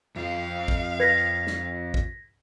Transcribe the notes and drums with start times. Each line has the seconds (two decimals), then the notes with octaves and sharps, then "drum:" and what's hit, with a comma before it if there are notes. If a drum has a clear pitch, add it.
0.16 F2 F4 F5
0.68 drum: kick
1.00 B4 G#6 A#6 B6
1.47 drum: snare
1.94 drum: kick